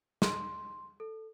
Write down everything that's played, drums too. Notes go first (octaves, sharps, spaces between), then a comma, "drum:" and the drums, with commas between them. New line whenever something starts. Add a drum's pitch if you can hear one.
C6, drum: snare
A4